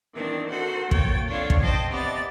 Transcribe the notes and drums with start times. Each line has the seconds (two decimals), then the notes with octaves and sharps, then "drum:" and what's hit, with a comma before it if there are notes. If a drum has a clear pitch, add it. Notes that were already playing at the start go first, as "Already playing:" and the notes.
0.15 D#3 E3 B3 C4 D4
0.51 F#4 A4 A#4 C5 F#5
0.91 A#3 C#5 G5 A6, drum: kick
1.29 D3 C4 D4 F4 C#5
1.50 drum: kick
1.62 C5 D#5 G5 A5 C6
1.90 C3 B3 D5 D#5 A6